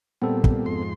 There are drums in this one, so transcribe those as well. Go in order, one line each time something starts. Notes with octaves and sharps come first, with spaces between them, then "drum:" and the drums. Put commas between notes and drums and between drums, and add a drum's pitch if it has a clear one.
A#2 G3 B3 C4 A4
drum: kick
F2 G#2 C6